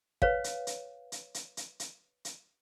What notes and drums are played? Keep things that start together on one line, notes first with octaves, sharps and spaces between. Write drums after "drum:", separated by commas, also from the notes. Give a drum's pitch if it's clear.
B4 C#5 F5, drum: kick
drum: hi-hat
drum: hi-hat
drum: hi-hat
drum: hi-hat
drum: hi-hat
drum: hi-hat
drum: hi-hat